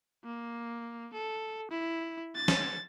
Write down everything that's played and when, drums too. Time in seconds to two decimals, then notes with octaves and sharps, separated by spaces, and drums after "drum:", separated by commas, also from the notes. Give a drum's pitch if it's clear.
0.24 A#3
1.13 A4
1.71 E4
2.36 A6
2.48 drum: snare